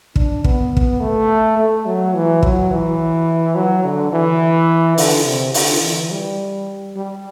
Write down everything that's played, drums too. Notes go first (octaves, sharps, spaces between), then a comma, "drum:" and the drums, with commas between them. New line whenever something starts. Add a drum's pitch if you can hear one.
D4, drum: kick
B3, drum: kick
drum: kick
A3
A3
F#3
E3
F#3, drum: kick
E3
F#3
D3
E3
D3, drum: open hi-hat
C3
D3, drum: open hi-hat
E3
G3
G3